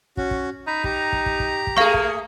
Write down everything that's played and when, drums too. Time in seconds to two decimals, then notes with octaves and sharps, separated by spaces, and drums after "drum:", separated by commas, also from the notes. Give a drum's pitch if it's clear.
0.17 C#4 F#4, drum: kick
0.31 drum: kick
0.67 D#4 A#5 B5
0.84 G4 A#5, drum: kick
1.13 drum: kick
1.26 drum: kick
1.40 drum: kick
1.67 drum: kick
1.77 A3 A#3 G#4 F5 C#6
1.94 drum: kick